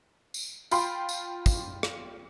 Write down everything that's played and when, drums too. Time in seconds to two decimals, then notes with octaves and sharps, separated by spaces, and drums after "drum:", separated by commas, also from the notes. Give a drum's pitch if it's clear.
0.34 drum: tambourine
0.71 F4 G5 B5 C6, drum: tambourine
1.09 drum: tambourine
1.46 drum: kick, tambourine
1.83 drum: rim click